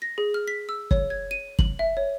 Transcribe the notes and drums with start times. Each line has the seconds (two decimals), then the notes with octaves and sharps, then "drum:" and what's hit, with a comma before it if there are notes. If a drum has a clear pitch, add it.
0.02 A#6
0.18 G#4
0.34 F6
0.48 B6
0.69 E6
0.91 C#5, drum: kick
1.10 G#6
1.31 D#7
1.59 F#7, drum: kick
1.79 E5
1.97 C#5